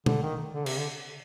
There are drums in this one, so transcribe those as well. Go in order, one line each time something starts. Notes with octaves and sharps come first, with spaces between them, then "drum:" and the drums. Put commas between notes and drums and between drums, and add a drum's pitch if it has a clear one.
D3, drum: tom
D#3
D3
C3, drum: cymbal
D3